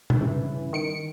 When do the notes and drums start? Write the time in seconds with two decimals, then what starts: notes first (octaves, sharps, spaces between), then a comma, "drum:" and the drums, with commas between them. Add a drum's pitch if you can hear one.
0.10 drum: tom B2
0.21 G2 C#3 E3
0.73 D#3 C#7 D7